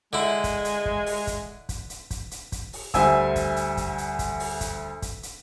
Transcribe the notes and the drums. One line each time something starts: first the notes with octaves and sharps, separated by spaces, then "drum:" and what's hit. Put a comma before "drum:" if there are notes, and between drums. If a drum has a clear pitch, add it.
D3 G#3 E4
drum: kick, hi-hat
drum: hi-hat
drum: kick
drum: open hi-hat
drum: kick, hi-hat
drum: kick, hi-hat
drum: hi-hat
drum: kick, hi-hat
drum: hi-hat
drum: kick, hi-hat
drum: open hi-hat
D2 G3 C5 E5 G#5 E6, drum: kick, hi-hat
drum: kick, hi-hat
drum: hi-hat
drum: kick, hi-hat
drum: hi-hat
drum: kick, hi-hat
drum: open hi-hat
drum: kick, hi-hat
drum: kick, hi-hat
drum: hi-hat